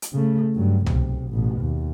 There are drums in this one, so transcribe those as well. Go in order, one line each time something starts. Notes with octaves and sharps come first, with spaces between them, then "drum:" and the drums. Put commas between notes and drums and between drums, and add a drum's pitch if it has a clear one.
drum: hi-hat
C#3 A3
G2 F#3
B1 C3, drum: tom C2
A1 B2
D#2